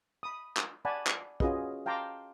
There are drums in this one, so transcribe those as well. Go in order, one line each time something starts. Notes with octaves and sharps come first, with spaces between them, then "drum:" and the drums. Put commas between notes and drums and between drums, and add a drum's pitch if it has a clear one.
B5 D#6
drum: clap
D5 F#5 G#5 A5 B5
drum: clap
C#4 F4 F#4 G#4 B4 D#5, drum: kick
F5 G5 A5 A#5 C6 D6